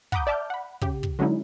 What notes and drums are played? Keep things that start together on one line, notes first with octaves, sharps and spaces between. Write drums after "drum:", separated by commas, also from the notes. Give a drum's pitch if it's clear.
F#5 A#5 B5 D6 D#6 G6, drum: kick
D5 E5 A5 D6 F6 G6
F#5 B5
C#3 G4, drum: kick
drum: kick
D3 F#3 G#3 C#4 D#4 E4